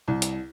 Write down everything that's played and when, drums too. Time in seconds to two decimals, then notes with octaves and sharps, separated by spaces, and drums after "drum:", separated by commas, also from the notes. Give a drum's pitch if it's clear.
0.08 C2
0.22 drum: hi-hat